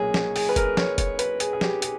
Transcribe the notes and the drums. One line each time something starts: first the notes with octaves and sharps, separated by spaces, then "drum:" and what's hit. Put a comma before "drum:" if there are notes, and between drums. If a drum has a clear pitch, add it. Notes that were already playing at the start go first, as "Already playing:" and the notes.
Already playing: B1 A#2 G#4 C#5
drum: snare
G#4, drum: open hi-hat
B4
A#4, drum: kick, hi-hat
C#5, drum: snare
C#5, drum: kick, hi-hat
B4, drum: hi-hat
G#4, drum: hi-hat
G#4
G4, drum: snare
G#4, drum: hi-hat